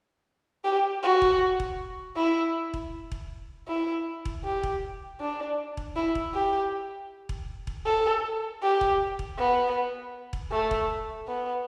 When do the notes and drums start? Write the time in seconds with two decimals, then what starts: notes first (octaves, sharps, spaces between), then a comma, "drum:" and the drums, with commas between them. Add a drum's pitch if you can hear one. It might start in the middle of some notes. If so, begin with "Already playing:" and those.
0.64 G4
1.03 F#4
1.22 drum: kick E1
1.60 drum: kick E1
2.16 E4
2.74 drum: kick E1
3.12 drum: kick E1
3.68 E4
4.25 drum: kick E1
4.44 G4
4.63 drum: kick E1
5.20 D4
5.77 drum: kick E1
5.96 E4
6.15 drum: kick E1
6.34 G4
7.29 drum: kick E1
7.67 drum: kick E1
7.86 A4
8.63 G4
8.81 drum: kick E1
9.19 drum: kick E1
9.38 B3
10.33 drum: kick E1
10.52 A3
10.71 drum: kick E1
11.28 B3